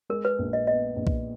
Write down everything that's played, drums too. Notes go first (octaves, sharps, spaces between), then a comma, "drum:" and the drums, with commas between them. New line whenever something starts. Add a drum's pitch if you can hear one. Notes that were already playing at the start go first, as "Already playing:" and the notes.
G#3 A#4
B4
A#1
D#5
B3 D#5
A#1
drum: kick B1